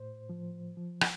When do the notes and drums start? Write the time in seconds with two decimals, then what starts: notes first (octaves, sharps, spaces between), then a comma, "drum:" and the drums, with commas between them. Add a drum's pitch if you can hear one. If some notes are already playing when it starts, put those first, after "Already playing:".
Already playing: A2 C5
0.29 F3
0.77 F3
1.01 drum: rim click